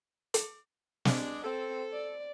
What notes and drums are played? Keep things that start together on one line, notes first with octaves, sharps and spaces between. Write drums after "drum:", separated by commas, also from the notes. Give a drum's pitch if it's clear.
drum: hi-hat
G#3 D4, drum: snare
C4 A4
D5